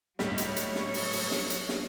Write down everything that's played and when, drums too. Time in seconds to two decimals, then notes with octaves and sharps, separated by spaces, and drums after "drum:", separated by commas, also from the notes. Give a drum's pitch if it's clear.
0.19 C#2 A2 F#3 G3 C#5, drum: snare
0.38 drum: hi-hat
0.56 drum: hi-hat
0.75 drum: snare
0.94 drum: open hi-hat
1.13 drum: open hi-hat
1.31 drum: snare
1.50 drum: hi-hat
1.69 drum: snare